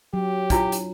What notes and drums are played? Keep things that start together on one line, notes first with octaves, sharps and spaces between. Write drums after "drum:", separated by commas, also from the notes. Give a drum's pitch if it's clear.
F#3 G4
D4 E4 F4, drum: kick, hi-hat
drum: hi-hat